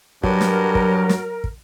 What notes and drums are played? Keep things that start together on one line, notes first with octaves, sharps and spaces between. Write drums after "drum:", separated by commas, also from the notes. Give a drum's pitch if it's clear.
G2 F#3 A#4, drum: kick
drum: snare
drum: kick
drum: snare
drum: kick